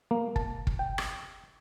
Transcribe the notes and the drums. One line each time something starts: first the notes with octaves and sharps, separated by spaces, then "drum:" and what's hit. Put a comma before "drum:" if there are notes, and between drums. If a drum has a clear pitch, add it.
A#3
A5, drum: kick
drum: kick
G5
drum: rim click